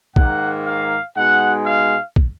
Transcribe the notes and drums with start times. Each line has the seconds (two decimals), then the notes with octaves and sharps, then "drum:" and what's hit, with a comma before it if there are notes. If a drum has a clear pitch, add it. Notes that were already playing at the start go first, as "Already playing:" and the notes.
0.16 G#2 D#3 A#3 F#5, drum: kick
0.67 F5
1.16 B2 G#3 D#4 F#5
1.66 F5
2.16 drum: kick